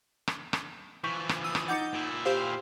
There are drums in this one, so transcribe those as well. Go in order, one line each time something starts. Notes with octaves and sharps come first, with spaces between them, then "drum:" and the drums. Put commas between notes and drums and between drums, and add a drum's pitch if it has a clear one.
drum: rim click
drum: rim click
E3 F3 C#6 G6 B6
drum: rim click
D#6 E6
drum: rim click
D#4 F#5 D6 G6 A6 C#7
A#2 E4
G4 C5 F5